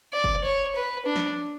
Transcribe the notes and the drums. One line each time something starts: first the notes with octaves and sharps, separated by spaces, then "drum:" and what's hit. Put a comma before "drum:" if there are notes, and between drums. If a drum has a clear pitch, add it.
D5
drum: kick
C#5
B4
D4
drum: snare